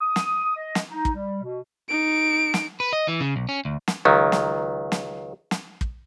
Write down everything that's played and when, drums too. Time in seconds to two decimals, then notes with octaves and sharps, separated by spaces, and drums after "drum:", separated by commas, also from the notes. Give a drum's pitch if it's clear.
0.01 D#6
0.16 drum: snare
0.56 D#5
0.75 drum: snare
0.90 D#4
1.05 drum: kick
1.14 G3
1.43 B2
1.89 D#4 D7
2.54 drum: snare
2.80 B4
2.93 D#5
3.08 E3
3.20 C#3
3.36 B1
3.49 C#4
3.65 D2
3.88 drum: snare
4.05 C#2 D#3 F#3
4.32 drum: snare
4.92 drum: snare
5.51 drum: snare
5.81 drum: kick